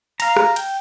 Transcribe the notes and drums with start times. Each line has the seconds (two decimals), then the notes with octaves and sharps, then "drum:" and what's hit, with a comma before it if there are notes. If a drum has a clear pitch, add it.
0.20 F5 A#5, drum: cymbal
0.37 drum: rim click
0.56 G5, drum: cymbal